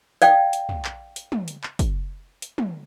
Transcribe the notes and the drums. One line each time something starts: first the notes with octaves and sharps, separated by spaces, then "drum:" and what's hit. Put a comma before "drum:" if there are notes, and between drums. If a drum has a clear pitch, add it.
D5 F5 G5, drum: hi-hat
drum: hi-hat
drum: tom
drum: clap
drum: hi-hat
drum: tom
drum: hi-hat
drum: clap
drum: kick, hi-hat
drum: hi-hat
drum: tom